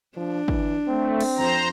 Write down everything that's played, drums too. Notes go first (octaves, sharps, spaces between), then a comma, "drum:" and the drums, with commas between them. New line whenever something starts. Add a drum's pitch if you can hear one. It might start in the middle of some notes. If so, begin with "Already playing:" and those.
F3 D4
E3, drum: kick
A3 C4
drum: cymbal
F2 C5 A#5